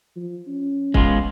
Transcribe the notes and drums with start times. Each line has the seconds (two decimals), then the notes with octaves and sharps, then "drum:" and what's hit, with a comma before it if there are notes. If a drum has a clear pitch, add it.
0.16 F3
0.47 C#4
0.94 G#3 B3 F4, drum: kick